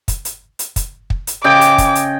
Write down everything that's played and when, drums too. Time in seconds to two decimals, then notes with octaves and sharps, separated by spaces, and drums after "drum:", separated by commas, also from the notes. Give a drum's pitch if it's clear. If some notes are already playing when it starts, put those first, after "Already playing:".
0.08 drum: kick, hi-hat
0.25 drum: hi-hat
0.59 drum: hi-hat
0.76 drum: kick, hi-hat
1.10 drum: kick
1.27 drum: hi-hat
1.44 C#3 D#5 G5 D6
1.61 drum: hi-hat
1.78 drum: kick, hi-hat
1.95 drum: hi-hat